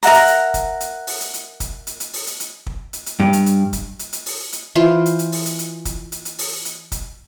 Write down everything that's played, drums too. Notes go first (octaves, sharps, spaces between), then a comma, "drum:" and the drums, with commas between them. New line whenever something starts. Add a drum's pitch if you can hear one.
A#4 E5 F#5 A#5, drum: open hi-hat
drum: hi-hat
drum: hi-hat
drum: kick, hi-hat
drum: hi-hat
drum: open hi-hat
drum: hi-hat
drum: hi-hat
drum: kick, hi-hat
drum: hi-hat
drum: hi-hat
drum: open hi-hat
drum: hi-hat
drum: hi-hat
drum: kick
drum: hi-hat
drum: hi-hat
G2
drum: hi-hat
drum: hi-hat
drum: kick, hi-hat
drum: hi-hat
drum: hi-hat
drum: open hi-hat
drum: hi-hat
E3 F4 C5
drum: hi-hat
drum: hi-hat
drum: open hi-hat
drum: hi-hat
drum: hi-hat
drum: kick, hi-hat
drum: hi-hat
drum: hi-hat
drum: open hi-hat
drum: hi-hat
drum: kick, hi-hat